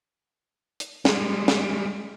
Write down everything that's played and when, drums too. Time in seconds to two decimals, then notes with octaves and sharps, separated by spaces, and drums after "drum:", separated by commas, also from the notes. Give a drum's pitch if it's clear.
0.80 drum: hi-hat
1.05 G3 G#3, drum: snare
1.48 drum: snare